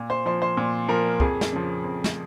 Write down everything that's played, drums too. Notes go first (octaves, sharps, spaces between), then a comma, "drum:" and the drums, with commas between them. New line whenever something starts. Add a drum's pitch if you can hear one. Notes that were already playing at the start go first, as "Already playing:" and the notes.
Already playing: A#2
C5
F3 C5
C5
A#2
F3 A#4
F2 G#4, drum: kick
drum: snare
C#3 F3
F2
drum: snare